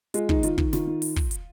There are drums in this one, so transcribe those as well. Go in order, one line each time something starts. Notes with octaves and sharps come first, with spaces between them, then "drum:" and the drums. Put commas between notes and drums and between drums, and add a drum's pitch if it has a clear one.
G#3 F4, drum: hi-hat
D#3 D#4, drum: kick
D#3 F4, drum: hi-hat
D#3, drum: kick
D#3 F4, drum: snare
D#3
drum: open hi-hat
drum: kick
drum: hi-hat